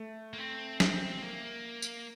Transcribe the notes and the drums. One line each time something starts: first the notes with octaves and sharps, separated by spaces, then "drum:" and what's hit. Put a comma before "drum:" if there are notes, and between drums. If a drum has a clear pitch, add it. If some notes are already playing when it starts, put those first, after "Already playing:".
Already playing: A3
A#3
C4
C4, drum: snare
A#3
drum: tambourine